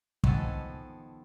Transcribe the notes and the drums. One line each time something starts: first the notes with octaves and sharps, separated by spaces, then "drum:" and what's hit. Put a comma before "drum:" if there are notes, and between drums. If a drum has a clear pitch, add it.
D#3 F3 B3 A4 G#5, drum: kick